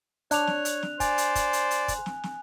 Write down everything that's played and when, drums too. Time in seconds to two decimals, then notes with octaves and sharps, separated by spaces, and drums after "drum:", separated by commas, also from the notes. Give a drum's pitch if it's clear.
0.31 D4 C#5 F#6 F7, drum: hi-hat
0.47 drum: snare
0.65 drum: hi-hat
0.83 drum: snare
1.00 C5 D5 G#5, drum: kick, hi-hat
1.18 drum: hi-hat
1.35 drum: kick, hi-hat
1.53 drum: hi-hat
1.71 drum: hi-hat
1.88 drum: kick, hi-hat
2.06 drum: snare
2.23 drum: snare